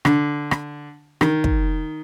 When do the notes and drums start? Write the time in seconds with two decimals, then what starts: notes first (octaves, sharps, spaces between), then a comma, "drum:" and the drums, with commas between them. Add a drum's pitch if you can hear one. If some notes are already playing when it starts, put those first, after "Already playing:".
0.05 D3, drum: rim click
0.51 drum: rim click
1.21 D#3, drum: rim click
1.44 drum: kick